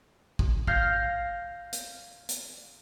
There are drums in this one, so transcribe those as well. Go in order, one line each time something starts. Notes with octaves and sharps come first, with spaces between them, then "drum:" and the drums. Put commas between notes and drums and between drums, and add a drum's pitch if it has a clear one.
drum: kick
F5 F6 G6 G#6 A#6 C7, drum: kick
drum: hi-hat
drum: hi-hat